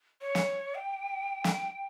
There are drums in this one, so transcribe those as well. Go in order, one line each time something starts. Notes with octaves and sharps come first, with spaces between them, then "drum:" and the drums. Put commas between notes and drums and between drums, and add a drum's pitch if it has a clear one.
C#5
drum: snare
G5
drum: snare